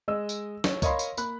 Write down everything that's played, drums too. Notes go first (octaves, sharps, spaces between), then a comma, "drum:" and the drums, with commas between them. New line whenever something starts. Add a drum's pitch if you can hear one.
G#3 D#5 E6
drum: tambourine
C#5, drum: snare
A#4 C#5 D#5 F5 B5 C6, drum: kick, tambourine
drum: tambourine
A#3 B5 F#6, drum: tambourine